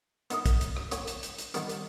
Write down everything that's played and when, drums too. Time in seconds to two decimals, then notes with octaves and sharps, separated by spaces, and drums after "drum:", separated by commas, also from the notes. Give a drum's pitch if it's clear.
0.30 B3 D#4 A#4 D#5, drum: hi-hat
0.46 drum: kick, hi-hat
0.61 drum: hi-hat
0.77 drum: rim click
0.91 A#3 C#4 G4 C#5, drum: hi-hat
1.07 drum: hi-hat
1.23 drum: hi-hat
1.38 drum: hi-hat
1.54 D#3 G3 B3 G4 A#4, drum: hi-hat
1.69 drum: hi-hat